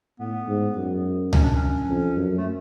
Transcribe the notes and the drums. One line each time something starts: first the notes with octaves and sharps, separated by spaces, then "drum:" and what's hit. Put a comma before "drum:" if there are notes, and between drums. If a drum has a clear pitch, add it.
A2 B3
G#2
F#2
C#4, drum: tom C#2
D4
C#4
F2
F#2
A3